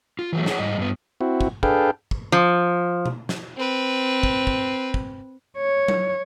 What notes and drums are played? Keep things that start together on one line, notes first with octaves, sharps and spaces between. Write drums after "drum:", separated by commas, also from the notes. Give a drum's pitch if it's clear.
F4
E3 F#3 A3
D4 E4 G#4 C#5 F#5, drum: snare
G#2 G3 D#5
G2 B3
C4 E4 F#4
drum: kick
D4 G#4 A4 B4 F5 G5, drum: kick
drum: kick
F3
drum: tom B2
drum: snare
C4 B4
drum: kick
drum: kick
drum: kick
C#5
drum: tom F#3